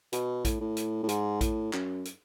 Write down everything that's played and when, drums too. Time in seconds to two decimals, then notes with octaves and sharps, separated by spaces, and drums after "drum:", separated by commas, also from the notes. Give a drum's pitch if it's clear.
0.13 B2, drum: hi-hat
0.45 A2, drum: kick A#1, hi-hat
0.60 A2
0.77 drum: hi-hat
1.03 A2
1.09 G#2, drum: hi-hat
1.41 A2, drum: kick A#1, hi-hat
1.73 F#2, drum: clap
2.05 drum: hi-hat